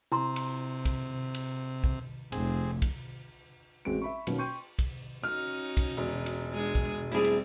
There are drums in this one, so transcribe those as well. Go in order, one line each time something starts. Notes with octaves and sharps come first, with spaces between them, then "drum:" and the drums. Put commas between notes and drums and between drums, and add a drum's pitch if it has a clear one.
C3 E4 A#5 C6
drum: cymbal
drum: kick, cymbal
drum: cymbal
drum: kick
F1 C4 G#4, drum: cymbal
drum: kick, cymbal
A1 G#3 C4 F#4 D7
E5 B5 C#6
B2 D#3 F#3 A#3 C#4, drum: cymbal
G5 C6 C#6 G6 D#7
drum: kick, cymbal
C#4 D#4 F#4 F6
drum: kick, cymbal
E1
drum: cymbal
G#3 D4 G#4
drum: kick
G3 C4 E4 G#4
drum: cymbal